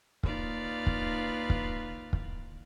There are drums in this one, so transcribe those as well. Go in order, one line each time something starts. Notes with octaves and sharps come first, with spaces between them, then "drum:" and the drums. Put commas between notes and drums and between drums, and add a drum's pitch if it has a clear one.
D#2 D#4 F4 B4 D5 F6, drum: kick
drum: kick
drum: kick
drum: kick